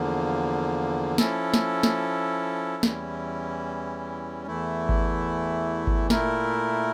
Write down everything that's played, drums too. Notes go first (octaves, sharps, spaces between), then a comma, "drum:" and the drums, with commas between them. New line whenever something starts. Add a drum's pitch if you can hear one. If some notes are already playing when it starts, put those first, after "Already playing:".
Already playing: E2 D3 F3 A#3
F3 C#4 E4 A4, drum: snare
drum: snare
drum: snare
E2 E3 G3 C#4 E4, drum: snare
E2 E3 A3 E4
drum: kick G#1
drum: kick G#1
A#2 A3 E4 A#4, drum: snare